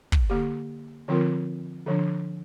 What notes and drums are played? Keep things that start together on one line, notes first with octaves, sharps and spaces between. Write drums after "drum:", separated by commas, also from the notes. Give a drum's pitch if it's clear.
drum: kick
D3 A#3 G4
D3 F3 C4 F4 A#4
D3 F3 D4